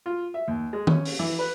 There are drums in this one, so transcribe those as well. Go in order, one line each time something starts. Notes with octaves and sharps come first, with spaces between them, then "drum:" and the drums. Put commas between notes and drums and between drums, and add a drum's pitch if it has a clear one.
F4
E5
D#2
G#3
C#4, drum: tom D#3
drum: open hi-hat
E3
B4